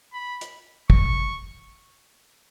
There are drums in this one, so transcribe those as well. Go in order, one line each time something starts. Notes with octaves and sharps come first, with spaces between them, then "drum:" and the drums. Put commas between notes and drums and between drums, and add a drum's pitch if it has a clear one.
B5
drum: hi-hat
C#6, drum: kick